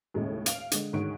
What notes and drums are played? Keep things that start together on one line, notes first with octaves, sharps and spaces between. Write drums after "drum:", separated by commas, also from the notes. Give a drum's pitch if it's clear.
D#2 A2 C#3 G#3
F5 D7 F7, drum: hi-hat
D3 G#3, drum: hi-hat
D2 G#2 D#3 C#5 D7